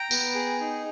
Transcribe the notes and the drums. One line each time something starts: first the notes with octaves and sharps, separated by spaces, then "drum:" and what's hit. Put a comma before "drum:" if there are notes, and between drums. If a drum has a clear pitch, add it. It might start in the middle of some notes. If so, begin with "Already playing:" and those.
Already playing: G5 A#5
B3, drum: tambourine
G#4
D#4